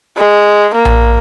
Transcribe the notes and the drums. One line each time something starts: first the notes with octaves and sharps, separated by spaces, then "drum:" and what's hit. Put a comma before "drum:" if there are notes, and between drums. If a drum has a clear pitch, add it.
G#3
A#3
drum: tom A#1